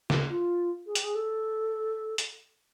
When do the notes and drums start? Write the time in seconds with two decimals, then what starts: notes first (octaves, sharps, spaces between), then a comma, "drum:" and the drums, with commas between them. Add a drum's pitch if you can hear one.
0.10 F#4, drum: snare
0.29 F4
0.86 G#4
0.95 G4, drum: hi-hat
1.04 G#4
1.15 A4
2.18 drum: hi-hat